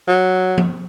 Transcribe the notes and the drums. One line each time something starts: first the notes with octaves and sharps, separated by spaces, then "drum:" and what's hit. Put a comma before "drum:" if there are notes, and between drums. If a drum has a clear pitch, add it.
F#3
drum: tom F3